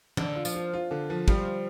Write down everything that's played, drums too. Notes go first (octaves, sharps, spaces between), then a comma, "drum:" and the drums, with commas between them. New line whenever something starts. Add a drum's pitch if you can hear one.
D3 D4, drum: tom
F4
F3, drum: tambourine
F4
F4
D3
F3
F3 G3, drum: kick